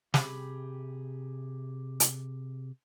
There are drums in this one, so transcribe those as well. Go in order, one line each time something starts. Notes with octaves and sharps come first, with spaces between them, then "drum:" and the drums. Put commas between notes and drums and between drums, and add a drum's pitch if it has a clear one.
C3 G4 G#4 B5, drum: snare
drum: hi-hat